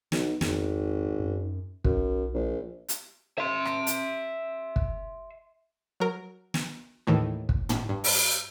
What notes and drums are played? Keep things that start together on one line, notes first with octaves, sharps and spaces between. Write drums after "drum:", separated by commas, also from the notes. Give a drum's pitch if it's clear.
B1, drum: snare
G#1 F2, drum: snare
F#2
B1 F#2, drum: kick
A#1
drum: hi-hat
E5 C6
drum: rim click
drum: hi-hat
drum: kick
F#3 A#4
drum: snare
D#2 A2 D#3 E3
drum: kick
drum: tom
G2
drum: open hi-hat